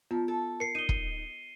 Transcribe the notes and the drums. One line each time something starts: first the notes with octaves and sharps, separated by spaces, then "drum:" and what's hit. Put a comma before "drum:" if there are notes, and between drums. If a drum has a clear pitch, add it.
F3 B3 F4
A4
A#4 C7 C#7
D#4 D#7 G7
drum: kick